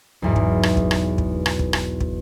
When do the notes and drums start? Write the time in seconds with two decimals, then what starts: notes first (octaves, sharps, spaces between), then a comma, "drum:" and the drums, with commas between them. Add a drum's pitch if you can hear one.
0.22 B1 E2 G#2
0.36 drum: kick
0.63 drum: rim click
0.77 drum: kick
0.91 drum: rim click
1.18 drum: kick
1.46 drum: rim click
1.59 drum: kick
1.73 drum: rim click
2.00 drum: kick